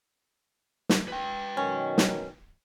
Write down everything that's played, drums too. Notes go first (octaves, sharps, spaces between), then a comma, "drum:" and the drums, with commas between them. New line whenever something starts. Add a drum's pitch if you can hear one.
drum: snare
B4 G5
B2 D#3 F#3 C#4
drum: snare